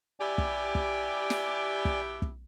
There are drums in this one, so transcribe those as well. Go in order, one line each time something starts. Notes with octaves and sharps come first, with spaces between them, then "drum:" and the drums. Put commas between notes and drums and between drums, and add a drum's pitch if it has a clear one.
B2 E4 G4 D5 G#5
drum: kick
drum: kick
drum: snare
drum: kick
drum: kick